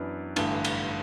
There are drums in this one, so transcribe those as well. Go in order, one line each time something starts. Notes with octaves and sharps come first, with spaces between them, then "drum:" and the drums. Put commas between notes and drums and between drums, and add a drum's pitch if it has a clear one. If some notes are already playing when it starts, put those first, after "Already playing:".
Already playing: F#2 E3 B3 D4
A1 G2 D3, drum: cymbal
drum: cymbal